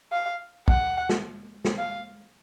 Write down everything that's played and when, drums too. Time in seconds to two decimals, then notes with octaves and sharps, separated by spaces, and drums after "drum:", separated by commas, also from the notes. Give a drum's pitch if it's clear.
0.12 F5
0.68 F#5, drum: kick
1.09 drum: snare
1.65 drum: snare
1.78 F5